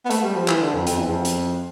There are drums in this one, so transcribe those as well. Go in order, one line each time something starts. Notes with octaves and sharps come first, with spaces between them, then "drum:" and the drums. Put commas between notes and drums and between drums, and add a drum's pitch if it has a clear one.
B3
A3, drum: hi-hat
G3
F3
E3, drum: clap
D3
F2
F2, drum: hi-hat
E2
F2
drum: hi-hat